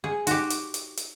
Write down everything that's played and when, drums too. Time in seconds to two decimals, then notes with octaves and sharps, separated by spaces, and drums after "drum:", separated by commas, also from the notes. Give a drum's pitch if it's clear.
0.04 G#4
0.27 D#4 F#4 G4, drum: hi-hat
0.50 drum: hi-hat
0.74 drum: hi-hat
0.97 drum: hi-hat